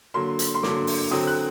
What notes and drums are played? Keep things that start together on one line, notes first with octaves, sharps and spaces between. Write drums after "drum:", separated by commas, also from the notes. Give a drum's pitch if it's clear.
D3 F#3 A#3 C6
drum: hi-hat
C6
D3 F#3 A#3 D6, drum: snare
drum: open hi-hat
D3 F#3 C4 D#6
F#6